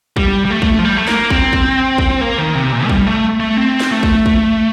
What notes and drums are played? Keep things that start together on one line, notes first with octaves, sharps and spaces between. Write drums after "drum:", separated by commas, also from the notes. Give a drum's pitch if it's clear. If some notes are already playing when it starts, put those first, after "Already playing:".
G3, drum: kick
G3
A3
drum: kick
F3
G3
A3
A#3, drum: snare
C4, drum: kick
drum: kick
drum: kick
A#3
D#3
C3
A#2
A3
G3, drum: kick
A3
A3
C4
drum: snare
A3
drum: kick
drum: kick